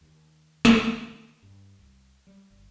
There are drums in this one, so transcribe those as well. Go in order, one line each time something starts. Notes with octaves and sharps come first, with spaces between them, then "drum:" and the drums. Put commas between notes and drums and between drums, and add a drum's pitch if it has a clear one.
D#2
drum: snare
D#3
G2
C2
G3
G1